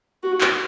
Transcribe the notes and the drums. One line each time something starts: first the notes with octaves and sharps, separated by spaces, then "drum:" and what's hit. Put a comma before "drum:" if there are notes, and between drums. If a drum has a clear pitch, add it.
F#4
drum: clap